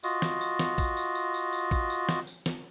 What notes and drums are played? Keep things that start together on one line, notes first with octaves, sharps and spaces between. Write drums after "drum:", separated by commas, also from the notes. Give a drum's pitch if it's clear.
F4 F#4 D#5, drum: tambourine
drum: snare
drum: tambourine
drum: snare
drum: kick, tambourine
drum: tambourine
drum: tambourine
drum: tambourine
drum: tambourine
drum: kick, tambourine
drum: tambourine
drum: snare
drum: tambourine
drum: snare